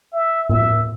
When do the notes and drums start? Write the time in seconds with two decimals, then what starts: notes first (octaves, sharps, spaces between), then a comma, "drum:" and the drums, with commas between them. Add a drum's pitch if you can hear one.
0.12 E5
0.49 E5, drum: tom A2